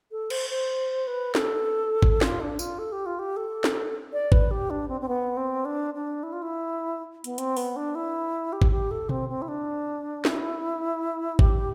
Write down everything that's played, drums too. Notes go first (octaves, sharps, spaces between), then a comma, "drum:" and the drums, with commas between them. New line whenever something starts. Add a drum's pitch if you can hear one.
A4
C5, drum: cymbal
C5
B4
A4, drum: snare
drum: kick A1
F4, drum: snare
D4
F4, drum: tambourine
A4
G4
F4
G4
A4
drum: snare
D5
B4, drum: kick A1
G4
D4
C4
C4
B3
C4
D4
D4
E4
F4
E4
B3, drum: hi-hat
C4, drum: hi-hat
B3, drum: open hi-hat
D4
E4
G4
drum: kick A1
G4
A4
C4, drum: tom B2
C4
E4
D4
E4, drum: snare
G4, drum: kick A1